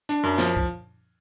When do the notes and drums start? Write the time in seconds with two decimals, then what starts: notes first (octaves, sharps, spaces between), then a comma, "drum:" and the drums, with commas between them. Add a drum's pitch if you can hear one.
0.09 D4, drum: hi-hat
0.23 F#2
0.38 F3, drum: snare
0.57 drum: kick